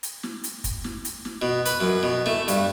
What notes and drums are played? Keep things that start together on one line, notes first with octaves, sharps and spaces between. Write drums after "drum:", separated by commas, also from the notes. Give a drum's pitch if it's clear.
drum: hi-hat
drum: snare
drum: hi-hat
drum: kick, hi-hat
drum: snare
drum: hi-hat
drum: snare
B2
B4, drum: hi-hat
F#2
B2
A3, drum: snare
G2, drum: hi-hat